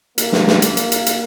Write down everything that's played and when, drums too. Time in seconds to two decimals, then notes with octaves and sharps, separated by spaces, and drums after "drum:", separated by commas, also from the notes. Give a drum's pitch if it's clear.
0.18 A#3, drum: hi-hat
0.32 drum: snare
0.47 drum: snare
0.62 drum: hi-hat
0.77 drum: hi-hat
0.92 drum: hi-hat
1.06 drum: hi-hat